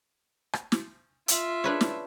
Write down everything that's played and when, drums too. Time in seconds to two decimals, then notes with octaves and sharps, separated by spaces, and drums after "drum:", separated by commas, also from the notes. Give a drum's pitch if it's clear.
0.53 drum: rim click
0.72 drum: snare
1.28 F4 E5, drum: hi-hat
1.64 D4 B4 C#5
1.81 drum: snare